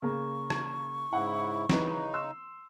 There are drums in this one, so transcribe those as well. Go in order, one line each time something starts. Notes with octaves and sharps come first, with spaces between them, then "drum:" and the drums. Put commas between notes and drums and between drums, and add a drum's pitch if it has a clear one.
C#3 A#3 A#5 C#6
drum: rim click
G#2 C#3 E4 F#5
C#3 D#4 E4 B4, drum: snare
C6 E6